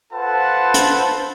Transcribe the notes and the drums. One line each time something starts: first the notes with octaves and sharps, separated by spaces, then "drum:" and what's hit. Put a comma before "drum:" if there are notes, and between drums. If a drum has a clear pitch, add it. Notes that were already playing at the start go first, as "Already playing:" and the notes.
F4 A4 B4 C5 F#5 A5
drum: hi-hat